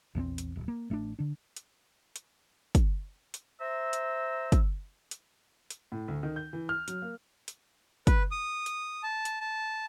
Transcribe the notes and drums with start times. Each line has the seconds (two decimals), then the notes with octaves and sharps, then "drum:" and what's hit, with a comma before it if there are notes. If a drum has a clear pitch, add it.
0.15 A#1 E2 G3 C4
0.38 drum: hi-hat
0.56 D1
0.68 A#3
0.90 A1 A3 A#3 D4
1.19 D3 D4
1.56 drum: hi-hat
2.16 drum: hi-hat
2.75 drum: kick, hi-hat
3.34 drum: hi-hat
3.61 C5 E5 A#5 E6
3.93 drum: hi-hat
4.52 drum: kick, hi-hat
5.11 drum: hi-hat
5.70 drum: hi-hat
5.92 A2
6.08 D2
6.23 D#3
6.36 G6
6.53 E3
6.69 F6
6.88 F#3, drum: hi-hat
7.02 A#3
7.48 drum: hi-hat
8.07 B4, drum: kick, hi-hat
8.31 D#6
8.66 drum: hi-hat
9.03 A5
9.25 drum: hi-hat
9.40 A5